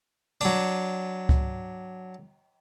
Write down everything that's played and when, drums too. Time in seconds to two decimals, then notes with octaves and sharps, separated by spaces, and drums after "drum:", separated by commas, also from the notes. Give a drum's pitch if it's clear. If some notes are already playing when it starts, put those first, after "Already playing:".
0.41 F#3 D4, drum: cymbal
1.29 drum: kick C#2